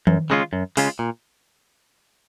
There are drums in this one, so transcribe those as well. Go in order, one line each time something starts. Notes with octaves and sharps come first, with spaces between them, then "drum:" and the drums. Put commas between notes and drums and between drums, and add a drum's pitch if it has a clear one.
F#2, drum: tom D#3
C#3 G#3 C#4 F4
F#2
C#3 G#3 C#4 F4, drum: open hi-hat
A#2